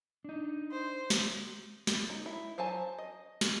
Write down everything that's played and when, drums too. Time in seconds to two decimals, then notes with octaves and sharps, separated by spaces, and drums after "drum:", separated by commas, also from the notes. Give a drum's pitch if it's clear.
0.24 D4 D#4
0.72 C5
1.10 drum: snare
1.87 drum: snare
2.10 D#4
2.26 E4
2.58 F#3 C5 G#5 A5
2.98 D#5
3.41 drum: snare